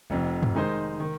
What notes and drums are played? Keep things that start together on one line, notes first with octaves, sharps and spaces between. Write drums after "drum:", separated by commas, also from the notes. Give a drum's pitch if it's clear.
F1 F2 C3
drum: tom
D#3 G#3 D#4 C5
D#3